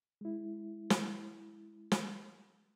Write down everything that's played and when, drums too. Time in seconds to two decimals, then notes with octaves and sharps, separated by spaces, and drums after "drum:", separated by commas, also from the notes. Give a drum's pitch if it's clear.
0.21 G#3 E4
0.90 drum: snare
1.92 drum: snare